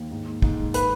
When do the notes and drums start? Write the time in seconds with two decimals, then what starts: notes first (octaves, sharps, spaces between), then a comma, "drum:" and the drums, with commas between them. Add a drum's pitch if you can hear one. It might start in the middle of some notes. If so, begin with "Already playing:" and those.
Already playing: D#2
0.11 G#2
0.42 G#2, drum: kick
0.74 B4, drum: hi-hat